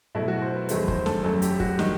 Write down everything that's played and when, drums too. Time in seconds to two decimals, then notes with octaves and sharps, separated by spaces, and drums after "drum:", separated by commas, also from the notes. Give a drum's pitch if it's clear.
0.15 B2 F#3 A3 E4
0.28 F#4
0.42 C5
0.56 B4
0.69 E2 D#3 F#3 A3 C5, drum: hi-hat
0.88 C5, drum: kick
1.06 A4, drum: snare
1.23 F#2 F#3 A3 A4
1.42 G4, drum: hi-hat
1.60 F#4, drum: kick
1.79 D#3 G3, drum: snare